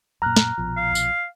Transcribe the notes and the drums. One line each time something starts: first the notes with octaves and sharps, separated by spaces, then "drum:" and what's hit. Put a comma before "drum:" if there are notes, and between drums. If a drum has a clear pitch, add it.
F#2 A#2 A#5 F6 F#6
drum: snare
A#1 B2 F3
F5
drum: tambourine